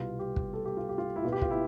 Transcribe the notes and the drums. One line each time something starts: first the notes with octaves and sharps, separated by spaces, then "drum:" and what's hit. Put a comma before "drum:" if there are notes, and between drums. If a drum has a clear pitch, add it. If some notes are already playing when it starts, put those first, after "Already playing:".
Already playing: C2 B2 G3 B3 F4
G4
drum: kick
A4
G4
F4
G4
F4
E4
B2 B3 F4
G4
F4, drum: kick
E4